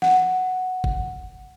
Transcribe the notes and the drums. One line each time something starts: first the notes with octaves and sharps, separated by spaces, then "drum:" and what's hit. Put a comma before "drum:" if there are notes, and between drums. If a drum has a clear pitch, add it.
F#5, drum: snare
drum: kick G1